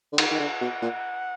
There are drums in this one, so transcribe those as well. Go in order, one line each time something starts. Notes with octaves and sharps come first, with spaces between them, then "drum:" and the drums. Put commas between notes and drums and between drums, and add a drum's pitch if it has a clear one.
D3
D#3 F#5, drum: cymbal
D#3
D3
B2
A#2